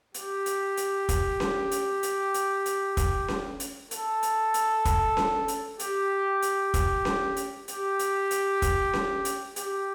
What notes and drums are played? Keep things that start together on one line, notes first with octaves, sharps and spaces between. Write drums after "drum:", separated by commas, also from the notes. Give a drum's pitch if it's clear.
G4, drum: hi-hat
drum: hi-hat
drum: hi-hat
drum: kick, hi-hat
drum: snare C#4
drum: hi-hat
drum: hi-hat
drum: hi-hat
drum: hi-hat
drum: kick, hi-hat
drum: snare C#4
drum: hi-hat
A4, drum: hi-hat
drum: hi-hat
drum: hi-hat
drum: kick, hi-hat
drum: snare C#4
drum: hi-hat
G4, drum: hi-hat
drum: hi-hat
drum: kick, hi-hat
drum: snare C#4
drum: hi-hat
G4, drum: hi-hat
drum: hi-hat
drum: hi-hat
drum: kick, hi-hat
drum: snare C#4
drum: hi-hat
G4, drum: hi-hat